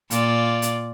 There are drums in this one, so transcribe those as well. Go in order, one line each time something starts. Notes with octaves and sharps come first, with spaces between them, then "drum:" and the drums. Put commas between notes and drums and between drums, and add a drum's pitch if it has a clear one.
A#2 F4 D5, drum: hi-hat
drum: hi-hat